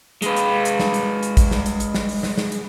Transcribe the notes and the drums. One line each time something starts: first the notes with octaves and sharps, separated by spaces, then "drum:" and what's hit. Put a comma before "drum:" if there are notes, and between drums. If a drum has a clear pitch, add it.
G#3 B4, drum: hi-hat
drum: hi-hat
drum: hi-hat
drum: snare
drum: hi-hat
drum: hi-hat
drum: kick, hi-hat
drum: snare
drum: hi-hat
drum: hi-hat
drum: snare
drum: open hi-hat
drum: snare
drum: snare
drum: hi-hat